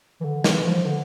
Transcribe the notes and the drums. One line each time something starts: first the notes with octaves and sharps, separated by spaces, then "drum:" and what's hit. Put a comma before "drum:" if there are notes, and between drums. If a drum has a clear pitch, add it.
E3
D3
E3, drum: snare
F3
D3